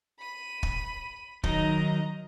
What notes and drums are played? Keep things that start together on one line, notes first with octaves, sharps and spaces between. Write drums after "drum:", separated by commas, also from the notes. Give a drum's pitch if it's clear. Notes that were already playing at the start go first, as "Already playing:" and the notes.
B5 D#7
drum: kick
D#3 F#3 D#4 D#5 A#5, drum: kick